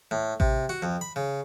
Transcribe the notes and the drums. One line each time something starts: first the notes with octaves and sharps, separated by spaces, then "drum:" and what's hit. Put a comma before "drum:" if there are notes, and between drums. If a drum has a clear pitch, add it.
A2
C3, drum: kick A1
F#4
F2
B5
C#3